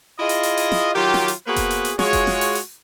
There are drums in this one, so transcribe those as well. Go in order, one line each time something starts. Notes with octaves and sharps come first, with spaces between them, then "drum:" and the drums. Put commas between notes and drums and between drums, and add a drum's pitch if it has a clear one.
E4 F4 G#4 D#5
drum: hi-hat
drum: hi-hat
drum: hi-hat
drum: snare
D#3 F#3 F4 G4
drum: snare
drum: hi-hat
A#3 B3 F#4 G#4 B4 C5
drum: kick F1, hi-hat
drum: hi-hat
drum: hi-hat
G#3 F4 F#4 G#4 C#5, drum: snare
drum: kick F1, hi-hat
drum: snare
drum: open hi-hat
drum: hi-hat